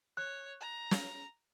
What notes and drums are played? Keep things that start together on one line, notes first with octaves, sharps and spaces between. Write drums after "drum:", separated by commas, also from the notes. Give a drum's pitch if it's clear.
C#5 F#6
A#5
drum: snare